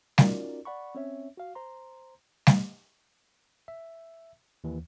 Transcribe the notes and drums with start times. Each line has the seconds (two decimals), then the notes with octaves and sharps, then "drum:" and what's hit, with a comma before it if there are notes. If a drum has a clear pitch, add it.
0.18 C#4 D#4 F4 F#4 A#4 D5, drum: snare G3
0.65 D5 F#5 B5 C#6
0.95 C4 C#4 C#5 E5
1.37 F#4 F5
1.55 C5 A#5 C6
2.47 drum: snare G3
3.68 E5
4.64 D#2 E3